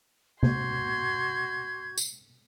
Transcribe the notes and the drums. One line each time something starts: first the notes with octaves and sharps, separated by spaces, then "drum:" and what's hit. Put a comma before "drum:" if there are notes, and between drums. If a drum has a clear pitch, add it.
F#4 C6 G6 G#6, drum: tom C3
drum: tambourine